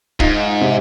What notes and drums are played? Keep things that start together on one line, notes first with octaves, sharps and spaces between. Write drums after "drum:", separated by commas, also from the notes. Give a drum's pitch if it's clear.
G#2 D#4 F4, drum: kick
C3